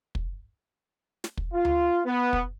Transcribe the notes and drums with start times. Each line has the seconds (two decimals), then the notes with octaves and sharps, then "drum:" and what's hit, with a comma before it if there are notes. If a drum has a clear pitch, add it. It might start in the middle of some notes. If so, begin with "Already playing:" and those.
0.15 drum: kick
1.24 drum: snare
1.37 drum: kick
1.53 F4
1.65 drum: tom D2
2.06 B3
2.33 drum: kick